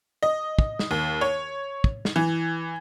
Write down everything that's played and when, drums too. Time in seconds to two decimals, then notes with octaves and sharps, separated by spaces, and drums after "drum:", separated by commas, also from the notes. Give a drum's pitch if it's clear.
0.23 D#5
0.59 drum: kick
0.79 drum: snare
0.91 D#2
1.21 C#5
1.84 drum: kick
2.05 drum: snare
2.16 E3